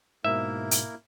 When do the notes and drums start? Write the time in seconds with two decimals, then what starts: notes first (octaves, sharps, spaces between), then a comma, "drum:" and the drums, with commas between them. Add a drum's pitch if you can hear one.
0.25 G#2 B2 A#3 E4 A#4 E5
0.71 drum: hi-hat